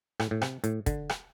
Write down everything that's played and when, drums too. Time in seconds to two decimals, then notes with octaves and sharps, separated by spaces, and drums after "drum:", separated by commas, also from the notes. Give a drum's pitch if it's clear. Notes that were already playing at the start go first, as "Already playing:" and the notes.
0.20 A2, drum: rim click
0.31 A2
0.42 C3, drum: rim click
0.64 A2, drum: hi-hat
0.86 D3, drum: kick, hi-hat
1.09 drum: rim click